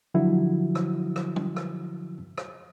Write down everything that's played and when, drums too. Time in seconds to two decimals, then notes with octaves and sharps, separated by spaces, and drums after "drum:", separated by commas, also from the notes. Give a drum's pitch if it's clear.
0.14 D3 F3 F#3 E4 F#4
0.75 drum: rim click
1.16 drum: rim click
1.36 drum: tom
1.56 drum: rim click
2.38 drum: rim click